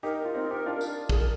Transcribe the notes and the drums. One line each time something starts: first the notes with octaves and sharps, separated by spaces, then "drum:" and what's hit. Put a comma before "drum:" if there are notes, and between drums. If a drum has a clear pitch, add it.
D#4 G4 A#4
F4
C4 D#4
D#4 G4
D4 F4
drum: tambourine
G#4, drum: kick
A#4